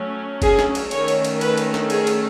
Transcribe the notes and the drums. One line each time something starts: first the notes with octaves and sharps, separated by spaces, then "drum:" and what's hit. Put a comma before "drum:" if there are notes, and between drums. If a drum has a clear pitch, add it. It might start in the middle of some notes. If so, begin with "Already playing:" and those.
Already playing: F#3 A3 C#4
G#4, drum: kick F#1, cymbal
drum: snare
drum: cymbal
D#3 A3 C#4 C#5, drum: cymbal
drum: cymbal
drum: cymbal
B4, drum: cymbal
drum: cymbal
drum: snare
G#4, drum: cymbal
drum: cymbal